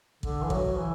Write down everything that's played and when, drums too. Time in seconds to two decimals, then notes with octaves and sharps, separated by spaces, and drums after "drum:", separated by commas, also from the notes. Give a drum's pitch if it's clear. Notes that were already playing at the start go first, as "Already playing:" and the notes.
0.23 D3, drum: kick A1
0.43 E3
0.50 F#3, drum: kick A1
0.78 E3